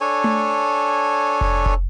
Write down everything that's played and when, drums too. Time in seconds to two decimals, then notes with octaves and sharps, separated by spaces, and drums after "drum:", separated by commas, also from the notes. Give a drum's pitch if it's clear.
0.01 D4 A4 C#5 G#5
0.24 drum: tom A3
1.41 drum: kick F1
1.66 drum: kick F1